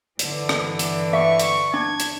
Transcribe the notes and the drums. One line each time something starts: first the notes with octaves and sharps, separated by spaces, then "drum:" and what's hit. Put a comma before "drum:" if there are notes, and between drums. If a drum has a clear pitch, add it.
G2 D3 E3, drum: hi-hat
drum: rim click
drum: hi-hat
E5 C#6
drum: hi-hat
D4 G#6
drum: hi-hat